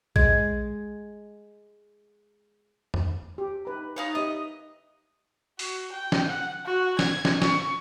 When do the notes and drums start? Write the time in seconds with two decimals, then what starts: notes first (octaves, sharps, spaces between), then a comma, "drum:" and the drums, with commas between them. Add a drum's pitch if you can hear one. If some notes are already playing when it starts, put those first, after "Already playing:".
0.16 G#3 G#6, drum: kick A#1
2.94 drum: tom F2
3.38 G4
3.65 D#4 B4 A#5
3.96 D#4 F4 B4 C#5
4.15 D#4 G4 D#5 E5
5.59 F#4, drum: open hi-hat
5.92 G5
6.12 drum: snare
6.28 F#5
6.66 F#4
6.99 G#6, drum: snare
7.25 drum: snare
7.42 C#6, drum: snare